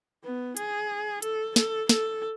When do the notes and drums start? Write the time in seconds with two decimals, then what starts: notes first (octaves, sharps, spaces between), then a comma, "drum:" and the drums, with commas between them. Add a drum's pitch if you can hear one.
0.24 B3
0.57 G#4, drum: hi-hat
1.22 A4, drum: hi-hat
1.56 A4, drum: snare
1.89 A4, drum: snare